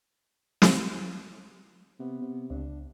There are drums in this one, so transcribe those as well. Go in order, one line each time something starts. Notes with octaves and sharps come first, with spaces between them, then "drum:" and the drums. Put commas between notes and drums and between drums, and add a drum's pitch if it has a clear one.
drum: snare
C3 B3
C3
C#2 D4